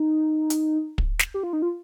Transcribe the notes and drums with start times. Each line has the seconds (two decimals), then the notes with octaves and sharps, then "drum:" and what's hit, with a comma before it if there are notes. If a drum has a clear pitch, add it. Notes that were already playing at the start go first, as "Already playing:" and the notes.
Already playing: D#4
0.50 drum: hi-hat
0.98 drum: kick
1.19 drum: snare
1.34 G4
1.43 F4
1.53 D#4
1.62 F4